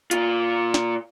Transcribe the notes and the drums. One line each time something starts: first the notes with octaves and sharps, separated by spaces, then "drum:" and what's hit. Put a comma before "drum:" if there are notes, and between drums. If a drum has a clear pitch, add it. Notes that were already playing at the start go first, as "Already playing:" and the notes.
A#2 F4, drum: hi-hat
drum: snare